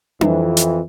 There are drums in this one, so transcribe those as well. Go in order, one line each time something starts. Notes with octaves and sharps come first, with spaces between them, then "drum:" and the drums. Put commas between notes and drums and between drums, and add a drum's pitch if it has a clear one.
F2 E3, drum: tom D4
drum: hi-hat